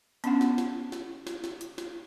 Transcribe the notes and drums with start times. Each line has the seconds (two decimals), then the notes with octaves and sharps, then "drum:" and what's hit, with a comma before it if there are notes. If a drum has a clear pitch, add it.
0.24 B3 C#4 D4 F#5, drum: hi-hat
0.41 drum: snare
0.58 drum: snare
0.92 drum: snare
1.27 drum: snare
1.44 drum: snare
1.61 drum: hi-hat
1.78 drum: snare